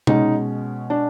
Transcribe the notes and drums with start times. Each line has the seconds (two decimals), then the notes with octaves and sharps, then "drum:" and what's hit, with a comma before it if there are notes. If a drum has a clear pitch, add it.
0.07 B2 G#3 C#4 D#4, drum: tom C3
0.90 D4